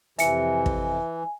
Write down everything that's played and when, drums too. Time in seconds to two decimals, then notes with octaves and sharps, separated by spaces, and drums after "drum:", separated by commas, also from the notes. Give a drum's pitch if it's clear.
0.19 F2 C3 E3 E5 G#5 C#7, drum: hi-hat
0.66 drum: kick